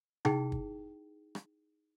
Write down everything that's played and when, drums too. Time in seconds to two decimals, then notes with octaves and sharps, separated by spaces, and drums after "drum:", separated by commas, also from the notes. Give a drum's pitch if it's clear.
0.25 D#4 E4 G#4 G5, drum: tom C3
0.52 drum: kick
1.35 drum: rim click